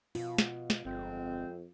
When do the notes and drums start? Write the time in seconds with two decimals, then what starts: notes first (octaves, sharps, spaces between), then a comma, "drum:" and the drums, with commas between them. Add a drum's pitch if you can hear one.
0.15 B2 F4, drum: open hi-hat
0.38 drum: snare
0.70 drum: snare
0.85 G1 F2 G#3 C4